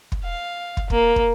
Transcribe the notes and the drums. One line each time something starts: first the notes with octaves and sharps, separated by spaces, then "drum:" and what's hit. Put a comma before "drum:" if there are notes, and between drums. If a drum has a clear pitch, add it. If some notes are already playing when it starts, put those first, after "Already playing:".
drum: kick
F5
drum: kick
A#3, drum: kick
drum: kick